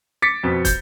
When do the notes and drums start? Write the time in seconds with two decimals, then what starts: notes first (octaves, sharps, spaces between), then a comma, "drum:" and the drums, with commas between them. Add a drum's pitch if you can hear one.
0.22 D6 A6 B6 C#7
0.43 F2 B2
0.65 G6, drum: kick, hi-hat